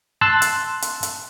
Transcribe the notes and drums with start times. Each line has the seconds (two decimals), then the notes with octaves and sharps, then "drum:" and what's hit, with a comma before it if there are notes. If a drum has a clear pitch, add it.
0.21 A5 C6 E6 F#6
0.42 drum: hi-hat
0.82 drum: hi-hat
1.03 drum: hi-hat